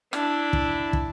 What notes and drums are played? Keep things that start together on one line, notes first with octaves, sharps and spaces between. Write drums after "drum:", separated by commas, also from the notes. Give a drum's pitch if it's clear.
D4 E4, drum: rim click
drum: kick
drum: kick